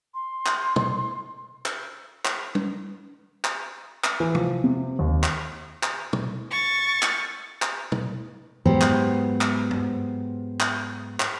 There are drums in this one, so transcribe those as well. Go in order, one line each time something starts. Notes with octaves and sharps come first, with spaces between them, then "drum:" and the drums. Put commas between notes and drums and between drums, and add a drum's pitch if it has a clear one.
C6
drum: clap
drum: tom
drum: clap
drum: clap
drum: tom
drum: clap
drum: clap
E3
F3, drum: tom
C3
D#2
drum: clap
drum: clap
drum: tom
C#6 A6
drum: clap
drum: clap
drum: tom
G#2 F#3 B3 G4 C5
drum: clap
drum: clap
drum: tom G2
drum: clap
drum: clap